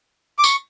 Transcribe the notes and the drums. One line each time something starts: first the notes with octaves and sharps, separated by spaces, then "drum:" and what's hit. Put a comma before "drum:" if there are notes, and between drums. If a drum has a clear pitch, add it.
D6
C#6, drum: tambourine